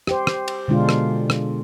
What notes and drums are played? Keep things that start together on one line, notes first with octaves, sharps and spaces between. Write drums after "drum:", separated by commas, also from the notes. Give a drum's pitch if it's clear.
G4 C5, drum: rim click
drum: rim click
drum: cymbal
B2 D3 G#3 D4 F4
drum: rim click
drum: rim click